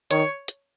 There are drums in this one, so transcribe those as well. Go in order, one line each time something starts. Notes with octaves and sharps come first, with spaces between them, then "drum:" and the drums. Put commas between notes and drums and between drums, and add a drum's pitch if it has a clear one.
D#3 C#5, drum: hi-hat
drum: hi-hat